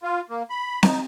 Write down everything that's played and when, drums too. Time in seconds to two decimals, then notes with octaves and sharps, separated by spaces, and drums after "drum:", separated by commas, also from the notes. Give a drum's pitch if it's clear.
0.03 F4
0.30 A#3
0.50 B5
0.83 D#4, drum: snare C4